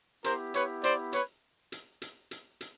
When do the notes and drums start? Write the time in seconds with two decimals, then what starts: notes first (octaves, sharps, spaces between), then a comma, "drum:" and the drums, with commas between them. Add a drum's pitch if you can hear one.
0.24 B3 E4 G4 A#4 C5, drum: hi-hat
0.54 B4 C#5, drum: hi-hat
0.84 C5 D5, drum: hi-hat
1.13 B4 C#5, drum: hi-hat
1.72 drum: hi-hat
2.02 drum: hi-hat
2.31 drum: hi-hat
2.61 drum: hi-hat